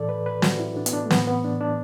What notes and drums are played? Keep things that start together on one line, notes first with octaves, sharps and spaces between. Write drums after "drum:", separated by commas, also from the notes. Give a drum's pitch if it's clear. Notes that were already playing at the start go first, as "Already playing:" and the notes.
Already playing: A2 E3 A4 D5
B4
B4
F#4, drum: snare
E4
D4
B3, drum: hi-hat
D4
A3
A2 E3 B3, drum: snare
B3
D4
D4